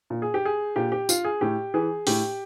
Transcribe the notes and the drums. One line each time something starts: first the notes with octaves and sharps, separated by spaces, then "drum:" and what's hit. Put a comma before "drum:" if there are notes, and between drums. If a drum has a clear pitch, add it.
A#2
G#4
G4
G#4
A#2 G4
G4
F4, drum: tambourine
G#4
A2 G4
E3 G#4
A2 G4, drum: open hi-hat